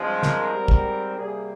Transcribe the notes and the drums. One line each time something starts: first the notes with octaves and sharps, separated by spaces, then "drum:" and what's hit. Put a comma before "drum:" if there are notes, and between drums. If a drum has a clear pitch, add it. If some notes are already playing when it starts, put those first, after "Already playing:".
Already playing: G2 F3 G#3 C4
A#4, drum: snare
G#2 G3 C4
drum: kick
C3 G3 A#3 G#4